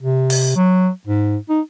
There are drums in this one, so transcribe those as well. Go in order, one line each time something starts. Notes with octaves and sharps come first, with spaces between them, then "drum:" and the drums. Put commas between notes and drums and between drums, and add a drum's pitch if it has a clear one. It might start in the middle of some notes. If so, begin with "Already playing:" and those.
C3
drum: open hi-hat
F#3
G#2
D#4